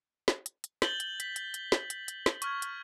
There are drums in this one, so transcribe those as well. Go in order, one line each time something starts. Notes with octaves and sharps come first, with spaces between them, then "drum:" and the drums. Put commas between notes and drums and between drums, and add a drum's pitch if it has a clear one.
drum: snare
drum: hi-hat
drum: hi-hat
G6 A6 F#7 G7, drum: snare
drum: hi-hat
B6, drum: hi-hat
drum: hi-hat
drum: hi-hat
drum: snare
drum: hi-hat
drum: hi-hat
drum: snare
C#6 F6 G#6, drum: hi-hat
drum: hi-hat